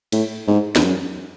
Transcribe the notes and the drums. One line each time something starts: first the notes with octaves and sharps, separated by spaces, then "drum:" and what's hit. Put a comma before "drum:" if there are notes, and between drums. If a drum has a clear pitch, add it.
A2, drum: cymbal
G#2
E2, drum: snare
F#2